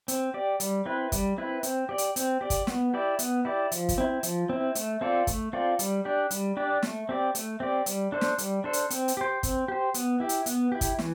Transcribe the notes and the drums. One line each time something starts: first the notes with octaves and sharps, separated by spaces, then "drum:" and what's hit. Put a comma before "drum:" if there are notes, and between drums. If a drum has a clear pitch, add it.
C4, drum: hi-hat
G4 D5
G3, drum: hi-hat
C4 E4 B4
G3, drum: kick, hi-hat
C4 E4 B4
C4, drum: hi-hat
G4 D5
drum: hi-hat
C4, drum: hi-hat
G4 D5
drum: kick, hi-hat
B3, drum: snare
E4 G4 D5
B3, drum: hi-hat
E4 G4 D5
F3, drum: hi-hat
drum: kick, hi-hat
C4 E4
F3, drum: hi-hat
C4 E4
A3, drum: hi-hat
C4 F4 A4 D5
A3, drum: kick, hi-hat
C4 F4 A4 D5
G3, drum: hi-hat
D4 G4 D5
G3, drum: hi-hat
D4 G4 D5
A3, drum: snare
C4 G4 D5
A3, drum: hi-hat
C4 G4 D5
G3, drum: hi-hat
D4 A4 C5
drum: snare
G3, drum: hi-hat
D4 A4 C5
drum: hi-hat
C4, drum: hi-hat
drum: hi-hat
G4 C5
C4, drum: kick, hi-hat
G4 C5
B3, drum: hi-hat
E4 G4
drum: hi-hat
B3, drum: hi-hat
E4 G4
drum: kick, hi-hat
E3, drum: snare